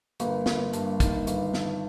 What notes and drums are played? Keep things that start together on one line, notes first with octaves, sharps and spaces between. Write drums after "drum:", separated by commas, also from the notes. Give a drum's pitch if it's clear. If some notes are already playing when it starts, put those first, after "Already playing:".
G1 A#3, drum: hi-hat
G1, drum: snare
G2, drum: hi-hat
D#3, drum: kick, hi-hat
G1, drum: hi-hat
G1, drum: snare